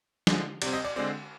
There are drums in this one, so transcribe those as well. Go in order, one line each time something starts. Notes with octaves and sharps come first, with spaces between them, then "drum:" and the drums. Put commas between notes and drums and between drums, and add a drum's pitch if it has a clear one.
D3 F3 G#3, drum: snare
C3 G3 C4 D5, drum: cymbal
D#5
D5
D3 G#3 C4 D5